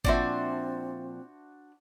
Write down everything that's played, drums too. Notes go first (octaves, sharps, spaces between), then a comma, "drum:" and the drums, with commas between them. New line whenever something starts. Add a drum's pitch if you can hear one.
A#2 F3 C4 D4 F#4 C5 D5 E5, drum: kick G#1